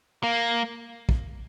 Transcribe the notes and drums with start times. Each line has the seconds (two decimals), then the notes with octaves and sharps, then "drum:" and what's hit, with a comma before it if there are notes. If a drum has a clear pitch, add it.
0.23 A#3
1.09 drum: kick